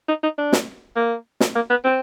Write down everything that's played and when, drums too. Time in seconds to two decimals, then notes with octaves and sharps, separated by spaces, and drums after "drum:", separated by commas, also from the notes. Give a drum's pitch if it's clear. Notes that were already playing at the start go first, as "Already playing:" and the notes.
0.09 D#4
0.23 D#4
0.38 D4
0.53 drum: snare
0.96 A#3
1.40 drum: snare
1.55 A#3
1.70 B3
1.84 C4